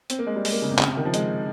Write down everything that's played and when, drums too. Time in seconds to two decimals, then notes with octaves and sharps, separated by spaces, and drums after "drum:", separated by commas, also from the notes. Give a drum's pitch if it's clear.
0.10 C4, drum: hi-hat
0.19 A#3
0.27 G#3
0.36 G3
0.45 G#3, drum: open hi-hat
0.53 A#3
0.62 C#3
0.71 C3
0.79 C#3, drum: clap
0.88 C3
0.97 D#3
1.05 F3
1.14 G#3, drum: hi-hat